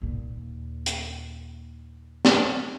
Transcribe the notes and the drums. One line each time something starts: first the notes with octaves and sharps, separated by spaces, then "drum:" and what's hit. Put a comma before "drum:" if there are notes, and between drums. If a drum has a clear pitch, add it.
D#2 A#2
drum: hi-hat
drum: snare